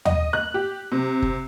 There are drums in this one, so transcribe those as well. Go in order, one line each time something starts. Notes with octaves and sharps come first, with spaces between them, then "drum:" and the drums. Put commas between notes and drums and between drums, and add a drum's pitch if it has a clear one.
D#5, drum: tom
F#6
G4
C3
drum: kick F#1